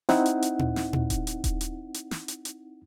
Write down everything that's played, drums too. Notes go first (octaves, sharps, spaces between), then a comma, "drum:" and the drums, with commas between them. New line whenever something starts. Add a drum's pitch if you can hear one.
C4 D#4 E4 F#5, drum: snare
drum: hi-hat
drum: hi-hat
drum: tom
drum: snare
drum: tom
drum: kick D#1, hi-hat
drum: hi-hat
drum: kick D#1, hi-hat
drum: hi-hat
drum: hi-hat
drum: snare
drum: hi-hat
drum: hi-hat